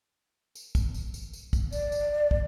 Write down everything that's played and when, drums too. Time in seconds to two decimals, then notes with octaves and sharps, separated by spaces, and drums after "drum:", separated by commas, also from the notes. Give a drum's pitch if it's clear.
0.55 drum: tambourine
0.75 drum: kick, tambourine
0.94 drum: tambourine
1.14 drum: tambourine
1.33 drum: tambourine
1.53 drum: kick, tambourine
1.72 D5, drum: tambourine
1.92 drum: tambourine
2.31 drum: kick